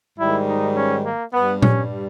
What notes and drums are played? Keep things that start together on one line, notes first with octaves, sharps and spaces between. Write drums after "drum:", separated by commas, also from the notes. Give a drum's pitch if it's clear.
G#2 D#3 G3 E4
D#4
C#4
A#3
G2 G3 B3
C#4, drum: tom A#2